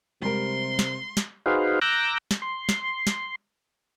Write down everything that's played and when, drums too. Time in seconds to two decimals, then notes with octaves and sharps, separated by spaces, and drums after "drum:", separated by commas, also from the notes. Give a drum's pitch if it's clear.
0.22 C3 G3 G#3 A#4 C6
0.79 drum: snare
1.17 drum: snare
1.46 D#4 F#4 G#4 B4 C5 F5
1.82 A#5 D6 E6 F#6 G6 A#6
2.31 drum: snare
2.42 C6
2.69 drum: snare
3.07 drum: snare